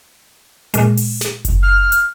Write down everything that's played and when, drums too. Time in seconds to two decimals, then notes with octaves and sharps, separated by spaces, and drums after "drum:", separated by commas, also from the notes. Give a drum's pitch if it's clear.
0.74 A#2 G#3, drum: hi-hat
0.97 drum: open hi-hat
1.21 drum: snare
1.45 drum: kick F#1, hi-hat
1.63 F6
1.92 drum: hi-hat